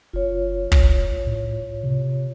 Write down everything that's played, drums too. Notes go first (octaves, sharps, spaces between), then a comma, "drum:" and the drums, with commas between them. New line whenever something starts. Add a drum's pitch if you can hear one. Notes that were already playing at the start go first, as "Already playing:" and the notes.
F#1 F4 C#5
C2, drum: kick
A2
C3